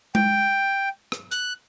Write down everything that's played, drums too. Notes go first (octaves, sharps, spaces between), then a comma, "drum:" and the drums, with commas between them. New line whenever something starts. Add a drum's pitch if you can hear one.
G5, drum: tom G#3
drum: rim click
F#6, drum: hi-hat